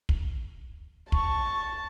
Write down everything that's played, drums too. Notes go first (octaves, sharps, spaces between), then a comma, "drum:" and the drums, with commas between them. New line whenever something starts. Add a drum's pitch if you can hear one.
drum: kick
A5 C#6, drum: kick